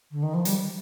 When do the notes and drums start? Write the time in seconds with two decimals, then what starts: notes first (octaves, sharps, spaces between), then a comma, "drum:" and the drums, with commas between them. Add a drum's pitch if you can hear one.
0.11 D3
0.22 D#3
0.34 F3
0.45 G3, drum: hi-hat